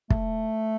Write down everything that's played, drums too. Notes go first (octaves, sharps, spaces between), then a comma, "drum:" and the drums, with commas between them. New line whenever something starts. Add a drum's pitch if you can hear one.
A3, drum: kick